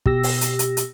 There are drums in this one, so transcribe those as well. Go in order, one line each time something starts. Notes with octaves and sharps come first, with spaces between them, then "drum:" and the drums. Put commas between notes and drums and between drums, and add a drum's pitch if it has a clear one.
B2 G4 E6 A#6, drum: kick
drum: open hi-hat
drum: hi-hat
drum: hi-hat
drum: hi-hat